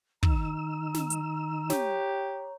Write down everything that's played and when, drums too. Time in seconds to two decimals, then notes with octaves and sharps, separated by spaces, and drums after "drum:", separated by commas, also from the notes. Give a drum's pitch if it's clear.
0.23 D#3 A#5 E6, drum: kick
0.94 drum: snare
1.10 drum: hi-hat
1.70 G4 C#5, drum: snare